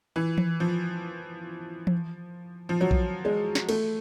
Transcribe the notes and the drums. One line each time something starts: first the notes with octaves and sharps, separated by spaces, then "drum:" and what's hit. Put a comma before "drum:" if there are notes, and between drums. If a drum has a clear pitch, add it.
E3
drum: tom E3
F3
drum: tom E3
F3
F#3
drum: kick A#1
G#3
drum: snare
A3, drum: cymbal